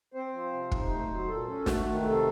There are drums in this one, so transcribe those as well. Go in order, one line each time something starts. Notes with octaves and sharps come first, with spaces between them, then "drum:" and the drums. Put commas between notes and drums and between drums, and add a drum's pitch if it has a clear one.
C4 C5
F3
C3
D#4, drum: kick
A3 C5
F#3
A#2 A4
C#4
A3 F#4, drum: snare
D#3
F#4
C3 A4